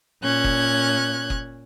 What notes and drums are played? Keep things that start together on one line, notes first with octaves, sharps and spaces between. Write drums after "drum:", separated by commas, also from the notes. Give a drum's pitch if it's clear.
A#2 C#4 F#6 G#6
drum: kick F#1
drum: kick F#1